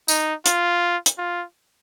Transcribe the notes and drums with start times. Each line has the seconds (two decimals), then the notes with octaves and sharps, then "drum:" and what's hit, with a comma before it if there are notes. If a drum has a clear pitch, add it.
0.08 D#4, drum: tambourine
0.46 F4, drum: hi-hat
1.06 drum: hi-hat
1.18 F4